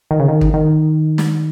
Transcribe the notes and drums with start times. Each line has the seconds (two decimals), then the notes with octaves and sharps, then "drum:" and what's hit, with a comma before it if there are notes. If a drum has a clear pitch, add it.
0.11 D#3
0.20 C#3
0.28 D#3
0.41 drum: kick
0.54 D#3
1.18 drum: snare